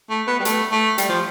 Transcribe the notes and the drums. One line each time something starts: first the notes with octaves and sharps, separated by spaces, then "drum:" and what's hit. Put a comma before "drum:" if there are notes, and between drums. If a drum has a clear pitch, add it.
A3
B3
G3
A3, drum: hi-hat
A3
G3, drum: hi-hat
F3